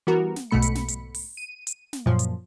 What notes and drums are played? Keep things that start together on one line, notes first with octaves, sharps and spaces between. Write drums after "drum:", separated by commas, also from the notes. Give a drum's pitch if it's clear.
E3 G3 B3 F#4 A#4
drum: snare
B1 G#2 B2 A3 B5 C#7
drum: hi-hat
drum: snare
drum: hi-hat
drum: open hi-hat
D#7
drum: hi-hat
drum: snare
F#2 A#2 F3
drum: hi-hat